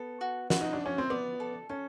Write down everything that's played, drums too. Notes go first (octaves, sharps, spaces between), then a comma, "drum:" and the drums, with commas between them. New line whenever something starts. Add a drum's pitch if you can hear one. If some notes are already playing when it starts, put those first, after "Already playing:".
Already playing: B3 A4
F#4
F#4, drum: snare
D#4
D4
C#4 D5
C4
B3 D5
A4
C#4 A4